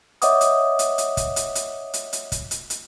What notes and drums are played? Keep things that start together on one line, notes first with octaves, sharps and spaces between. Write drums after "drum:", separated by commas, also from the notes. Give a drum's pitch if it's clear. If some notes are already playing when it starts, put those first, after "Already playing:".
C#5 D#5 E5 F#5 D6 D#6, drum: hi-hat
drum: hi-hat
drum: hi-hat
drum: hi-hat
drum: kick, hi-hat
drum: hi-hat
drum: hi-hat
drum: hi-hat
drum: hi-hat
drum: kick, hi-hat
drum: hi-hat
drum: hi-hat